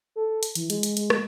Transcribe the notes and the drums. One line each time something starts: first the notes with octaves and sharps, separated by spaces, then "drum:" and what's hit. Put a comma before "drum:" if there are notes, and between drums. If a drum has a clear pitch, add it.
A4
drum: hi-hat
E3, drum: hi-hat
G#3, drum: hi-hat
drum: hi-hat
G#3, drum: hi-hat
drum: rim click